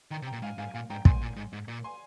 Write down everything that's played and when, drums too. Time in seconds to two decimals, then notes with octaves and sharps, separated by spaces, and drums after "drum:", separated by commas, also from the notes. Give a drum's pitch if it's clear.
0.11 D#3 G5 A#5
0.22 C3
0.27 G5 A#5
0.32 A#2
0.42 G#2 F5 G#5
0.58 G#2 F5 G#5
0.74 A#2 F5 G#5
0.90 G#2 G5 A#5
1.05 A#2 G#5 C6, drum: kick
1.22 A#2
1.36 G#2
1.53 G#2
1.68 A#2
1.84 G#5 C6